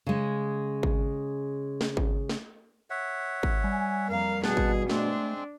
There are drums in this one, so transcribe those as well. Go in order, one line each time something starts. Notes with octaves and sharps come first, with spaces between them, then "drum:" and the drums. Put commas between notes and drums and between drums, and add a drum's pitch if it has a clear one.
C#3 G#3
drum: kick G#1
drum: snare
drum: kick G#1
drum: snare
C#5 E5 F#5
drum: kick G#1
G3 G#5
F2 A#3 A#4 F5
E2 G2 B2 G#4 F#5 A5, drum: snare
drum: kick G#1
G#3 A3 C4 D4, drum: snare